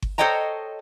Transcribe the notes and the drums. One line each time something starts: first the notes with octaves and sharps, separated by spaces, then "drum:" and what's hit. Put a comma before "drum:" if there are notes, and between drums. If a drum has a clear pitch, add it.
drum: kick G1
A4 C5 C#5 D#5 G5 A#5